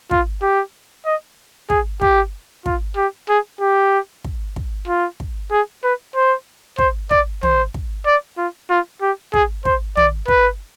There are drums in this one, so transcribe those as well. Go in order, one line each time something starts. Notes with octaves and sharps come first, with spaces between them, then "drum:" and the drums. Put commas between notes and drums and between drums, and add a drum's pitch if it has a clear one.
F4, drum: kick
G4
D#5
G#4, drum: kick
G4, drum: kick
F4, drum: kick
G4
G#4
G4
drum: kick
drum: kick
F4
drum: kick
G#4
B4
C5
C5, drum: kick
D5, drum: kick
C5, drum: tom
drum: kick
D5
F4
F4
G4
G#4, drum: kick
C5, drum: kick
D5, drum: tom
B4, drum: kick